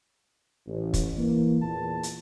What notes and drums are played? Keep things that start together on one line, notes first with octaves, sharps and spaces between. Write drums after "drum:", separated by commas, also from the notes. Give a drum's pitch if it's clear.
A1
drum: kick, hi-hat
E3 A#3
E2 A#2 A5
drum: hi-hat